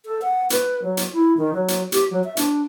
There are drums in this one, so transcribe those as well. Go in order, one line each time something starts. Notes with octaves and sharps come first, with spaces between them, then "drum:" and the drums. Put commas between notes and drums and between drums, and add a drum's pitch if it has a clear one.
A4
F#5
B4, drum: hi-hat
F#3
drum: hi-hat
E4
D#3
F#3
drum: hi-hat
G4, drum: hi-hat
F#3
E5
D4, drum: hi-hat